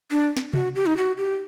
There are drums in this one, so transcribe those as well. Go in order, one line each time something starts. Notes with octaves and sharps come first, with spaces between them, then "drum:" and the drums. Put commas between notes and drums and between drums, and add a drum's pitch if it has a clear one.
D4
drum: snare
F#4, drum: tom C3
G4
D#4
F#4
G4